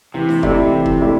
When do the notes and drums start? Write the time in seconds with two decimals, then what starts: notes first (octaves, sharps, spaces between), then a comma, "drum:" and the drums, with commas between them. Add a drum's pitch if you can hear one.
0.14 C3 E3
0.29 drum: snare D4
0.43 A3 E4 G4 D5, drum: kick F1
0.72 E3
0.86 drum: kick F1
1.00 A3 E4 G4 D5